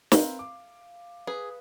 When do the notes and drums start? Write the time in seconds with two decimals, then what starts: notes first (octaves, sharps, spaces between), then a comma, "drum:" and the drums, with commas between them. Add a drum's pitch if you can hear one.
0.12 C4 A#4 B4 F5, drum: snare
0.39 D6
1.27 G#4 B4